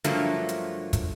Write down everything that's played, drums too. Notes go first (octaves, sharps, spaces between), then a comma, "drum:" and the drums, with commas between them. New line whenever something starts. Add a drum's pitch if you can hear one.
G2 D3 F3 F#3 A3 A#3, drum: hi-hat
drum: hi-hat
drum: kick, hi-hat